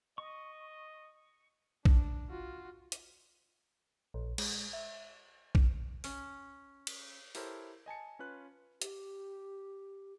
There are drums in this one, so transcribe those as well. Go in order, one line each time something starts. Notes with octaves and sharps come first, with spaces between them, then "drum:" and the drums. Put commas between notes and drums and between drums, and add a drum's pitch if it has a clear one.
D#5 C#6
D4, drum: kick A#1
F4 F#4
drum: hi-hat
A#1
G#3, drum: cymbal
E5
drum: kick A#1
C#4, drum: open hi-hat
drum: cymbal
E4 G4 A4 A#4 C5 C#5, drum: open hi-hat
D#5 G#5 A5 C#7
C#4 F4 B4 F#6
G4, drum: hi-hat